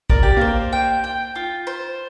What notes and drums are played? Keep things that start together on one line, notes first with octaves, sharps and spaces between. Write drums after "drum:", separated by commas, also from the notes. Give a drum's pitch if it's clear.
A#4 D5, drum: kick
G4
A#3 A#4 C5
G5
G5
F4
C5